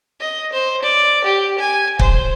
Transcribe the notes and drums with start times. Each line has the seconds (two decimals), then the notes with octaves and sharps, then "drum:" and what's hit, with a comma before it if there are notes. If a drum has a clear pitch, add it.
0.20 D#5
0.53 C5
0.83 D5
1.24 G4
1.59 G#5
1.99 C5, drum: kick